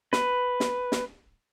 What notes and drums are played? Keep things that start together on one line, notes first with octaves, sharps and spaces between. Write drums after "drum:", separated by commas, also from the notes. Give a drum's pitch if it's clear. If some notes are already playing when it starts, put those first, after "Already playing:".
B4, drum: snare
drum: snare
drum: snare